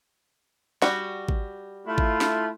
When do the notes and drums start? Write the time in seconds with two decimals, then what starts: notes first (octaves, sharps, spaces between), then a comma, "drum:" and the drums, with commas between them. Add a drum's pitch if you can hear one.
0.82 G3 F#4, drum: snare
1.29 drum: kick G#1
1.87 A3 E4 F4
1.98 drum: kick G#1
2.21 drum: snare